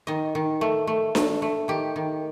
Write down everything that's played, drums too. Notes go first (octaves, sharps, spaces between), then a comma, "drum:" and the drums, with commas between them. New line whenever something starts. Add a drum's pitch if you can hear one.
D#3 D#5
D#3
A3
A3
A3, drum: snare D4
A3
D#3 G4
D#3